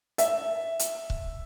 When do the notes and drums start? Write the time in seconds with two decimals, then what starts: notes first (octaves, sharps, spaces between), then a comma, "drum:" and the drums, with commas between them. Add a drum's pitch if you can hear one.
0.18 E5, drum: hi-hat
0.79 drum: hi-hat
1.10 drum: kick C#1